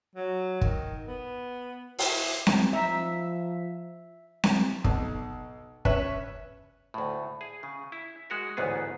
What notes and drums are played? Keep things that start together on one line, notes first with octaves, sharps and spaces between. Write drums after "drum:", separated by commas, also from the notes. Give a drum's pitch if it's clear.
F#3
D#3, drum: kick
B3
E4, drum: open hi-hat
drum: snare C4
F3 G3 D#4 E5 A#5
drum: snare C4
B1, drum: kick
C#4 B4 C#5 E5, drum: kick
D2 A2
G#4
C#3
E4
G#3 F#4 A#4
A1 D2 G#2 B3 G#4